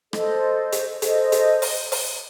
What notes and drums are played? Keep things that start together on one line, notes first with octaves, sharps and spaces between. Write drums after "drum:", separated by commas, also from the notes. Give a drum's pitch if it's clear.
A4 C5 D#5, drum: rim click
drum: hi-hat
A4 C5 D#5, drum: hi-hat
drum: hi-hat
drum: open hi-hat
drum: open hi-hat